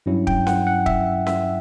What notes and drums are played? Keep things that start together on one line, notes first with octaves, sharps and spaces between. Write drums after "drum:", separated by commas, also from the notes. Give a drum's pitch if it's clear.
G2 F#3 C#4 E4
G5, drum: kick
F#5, drum: snare C#4
F#5
E5, drum: kick
E5, drum: snare C#4